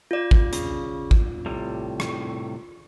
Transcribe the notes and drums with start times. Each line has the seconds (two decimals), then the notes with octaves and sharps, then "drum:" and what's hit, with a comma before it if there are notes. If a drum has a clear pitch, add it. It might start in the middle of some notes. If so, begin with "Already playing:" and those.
0.11 F4 D5
0.31 drum: kick
0.53 C#3, drum: hi-hat
1.11 drum: kick
1.46 A2 C3 G3
2.00 drum: rim click